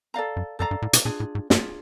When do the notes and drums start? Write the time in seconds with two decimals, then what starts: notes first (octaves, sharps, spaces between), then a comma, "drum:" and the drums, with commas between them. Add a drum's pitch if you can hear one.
0.14 A4 D5 F5 A#5
0.36 F#2
0.59 F#2 A4 D5 F5 A#5
0.71 G2
0.82 A2
0.93 B2, drum: hi-hat
1.05 A#2 D4 F4 G#4
1.20 A2
1.35 G#2
1.50 G2 D4 F4 G#4, drum: snare